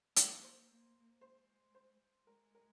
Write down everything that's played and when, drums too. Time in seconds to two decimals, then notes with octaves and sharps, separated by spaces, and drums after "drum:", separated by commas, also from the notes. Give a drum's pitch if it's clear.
0.16 A#3 A#4, drum: hi-hat
0.43 C5
0.70 A#3
1.21 G#3 C5
1.75 C5
2.27 G#3 A#4
2.55 A#4